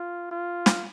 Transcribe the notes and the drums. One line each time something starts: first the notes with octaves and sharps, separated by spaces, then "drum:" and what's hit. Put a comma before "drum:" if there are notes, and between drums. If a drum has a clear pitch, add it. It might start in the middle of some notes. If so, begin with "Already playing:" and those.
Already playing: F4
F4
drum: snare